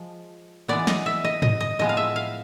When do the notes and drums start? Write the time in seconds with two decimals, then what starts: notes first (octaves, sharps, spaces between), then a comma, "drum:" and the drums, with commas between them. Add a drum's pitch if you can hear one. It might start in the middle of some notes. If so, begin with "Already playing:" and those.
Already playing: F3 G#3
0.68 E3 G#3 B3 D5
0.87 D#5, drum: snare
1.06 E5
1.24 D#5
1.42 D#5, drum: tom
1.60 D#5
1.79 A2 F3 G#3 B3 D#5
1.89 F5
1.97 E5
2.16 F5